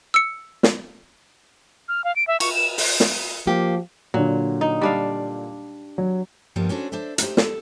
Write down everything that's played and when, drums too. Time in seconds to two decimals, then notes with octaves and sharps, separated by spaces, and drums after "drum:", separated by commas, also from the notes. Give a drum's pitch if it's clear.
0.14 E6 C#7
0.63 drum: snare
1.88 F6
2.04 F5
2.16 D7
2.27 E5
2.40 C#6, drum: cymbal
2.55 E7
2.78 drum: open hi-hat
3.00 drum: snare
3.47 F3 A#3 G4
4.14 A#2 D3 F#3
4.61 D#4
4.82 G3 D4 F5
5.98 F#3
6.56 G2 F3 G3 A#3 B3 F4
6.69 C#4 D4 F#4 A4 C5
6.92 D4 C5 D5 E5
7.18 A3 D#4 G4 C5, drum: hi-hat
7.37 A4, drum: snare